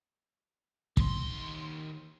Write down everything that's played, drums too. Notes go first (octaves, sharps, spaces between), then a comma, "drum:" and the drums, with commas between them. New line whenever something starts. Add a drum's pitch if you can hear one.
D#2 C6, drum: kick